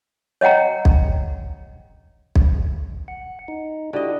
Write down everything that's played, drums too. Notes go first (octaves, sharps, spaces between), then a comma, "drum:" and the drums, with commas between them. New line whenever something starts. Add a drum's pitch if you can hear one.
C#5 D#5 F#5 G5 A#5
drum: kick B1
drum: kick B1
F#5
D#4
D3 E4 F#4 G4 D#5